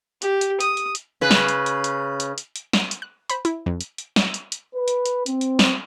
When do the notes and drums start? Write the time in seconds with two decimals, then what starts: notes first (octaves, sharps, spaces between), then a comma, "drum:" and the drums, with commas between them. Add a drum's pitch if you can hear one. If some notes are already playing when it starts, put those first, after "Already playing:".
0.22 G4, drum: hi-hat
0.41 drum: hi-hat
0.60 D#6, drum: hi-hat
0.77 drum: hi-hat
0.95 drum: hi-hat
1.21 C#3 B4
1.31 drum: snare
1.48 drum: hi-hat
1.66 drum: hi-hat
1.84 drum: hi-hat
2.20 drum: hi-hat
2.38 drum: hi-hat
2.56 drum: hi-hat
2.73 drum: snare
2.91 drum: hi-hat
3.02 F#6
3.30 C5 B5, drum: hi-hat
3.45 E4, drum: hi-hat
3.66 F2
3.81 drum: hi-hat
3.98 drum: hi-hat
4.16 drum: snare
4.34 drum: hi-hat
4.52 drum: hi-hat
4.74 B4
4.88 drum: hi-hat
5.06 drum: hi-hat
5.26 C4, drum: hi-hat
5.41 drum: hi-hat
5.59 drum: snare